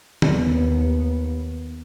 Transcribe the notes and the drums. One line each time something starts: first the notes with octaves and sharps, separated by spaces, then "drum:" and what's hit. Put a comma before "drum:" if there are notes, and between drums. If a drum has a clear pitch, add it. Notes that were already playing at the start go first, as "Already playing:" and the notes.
D#2 B3, drum: tom